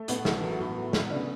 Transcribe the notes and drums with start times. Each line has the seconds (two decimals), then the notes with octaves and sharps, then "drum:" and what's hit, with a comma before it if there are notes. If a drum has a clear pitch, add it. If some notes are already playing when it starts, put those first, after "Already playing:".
Already playing: A3
0.08 A2 B3, drum: hi-hat
0.25 A1, drum: snare
0.43 F#3
0.60 A2
0.76 F#3
0.93 B3, drum: snare
1.11 C#3 D4